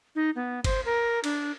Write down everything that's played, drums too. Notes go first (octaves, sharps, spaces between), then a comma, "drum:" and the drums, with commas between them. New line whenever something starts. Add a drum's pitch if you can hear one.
D#4
B3
C5, drum: kick G1, cymbal
A#4
D4, drum: cymbal